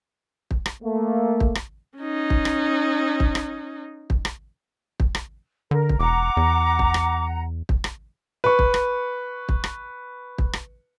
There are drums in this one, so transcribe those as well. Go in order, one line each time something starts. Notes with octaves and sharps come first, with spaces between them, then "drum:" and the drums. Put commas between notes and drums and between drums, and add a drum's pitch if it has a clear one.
drum: kick
drum: rim click
A3 A#3
drum: kick
drum: rim click
C#4 D#4
drum: kick
drum: rim click
drum: kick
drum: rim click
drum: kick
drum: rim click
drum: kick
drum: rim click
D3 A#4
drum: kick
E1 F#5 A#5 D6
E2
drum: kick
drum: rim click
drum: kick
drum: rim click
B4 C#6
drum: kick
drum: rim click
drum: kick
drum: rim click
drum: kick
drum: rim click